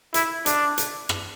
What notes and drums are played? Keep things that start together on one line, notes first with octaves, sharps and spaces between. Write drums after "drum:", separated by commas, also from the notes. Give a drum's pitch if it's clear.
E4, drum: hi-hat
D4, drum: hi-hat
drum: hi-hat
drum: rim click